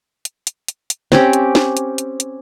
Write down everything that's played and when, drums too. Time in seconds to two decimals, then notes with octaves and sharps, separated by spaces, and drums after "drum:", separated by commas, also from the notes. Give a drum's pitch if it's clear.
0.25 drum: hi-hat
0.47 drum: hi-hat
0.68 drum: hi-hat
0.90 drum: hi-hat
1.12 C4 C#4 G4, drum: snare
1.33 drum: hi-hat
1.55 drum: snare
1.77 drum: hi-hat
1.98 drum: hi-hat
2.20 drum: hi-hat